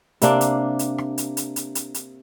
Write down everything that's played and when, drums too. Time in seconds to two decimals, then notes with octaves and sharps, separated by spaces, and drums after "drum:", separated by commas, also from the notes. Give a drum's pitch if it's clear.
0.22 C3 A#3 D4, drum: hi-hat
0.41 drum: hi-hat
0.79 drum: hi-hat
0.98 drum: rim click
1.18 drum: hi-hat
1.37 drum: hi-hat
1.56 drum: hi-hat
1.75 drum: hi-hat
1.94 drum: hi-hat